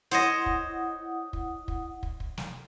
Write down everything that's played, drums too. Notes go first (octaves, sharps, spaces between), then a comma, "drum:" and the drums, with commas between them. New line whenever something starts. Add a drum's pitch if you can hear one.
E4 C5 C#5 D#5 F#5 D#6
drum: kick
drum: kick
drum: kick
drum: kick
drum: kick
drum: snare